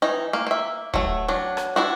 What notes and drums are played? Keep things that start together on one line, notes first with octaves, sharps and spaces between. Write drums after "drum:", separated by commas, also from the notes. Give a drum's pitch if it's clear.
E3 D#4
A#3
A#3 E5
F#3 A3, drum: kick
F#3 D4
drum: rim click
D4 E4 F#4